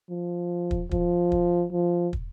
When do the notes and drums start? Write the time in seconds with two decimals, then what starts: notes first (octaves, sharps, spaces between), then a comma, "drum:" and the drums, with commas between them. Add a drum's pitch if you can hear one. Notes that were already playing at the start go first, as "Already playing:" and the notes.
0.10 F3
0.71 drum: kick
0.91 F3, drum: kick
1.32 drum: kick
1.72 F3
2.13 drum: kick